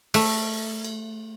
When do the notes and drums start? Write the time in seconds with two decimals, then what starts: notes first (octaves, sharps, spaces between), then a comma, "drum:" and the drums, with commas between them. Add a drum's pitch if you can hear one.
0.14 A3, drum: open hi-hat
0.84 drum: cymbal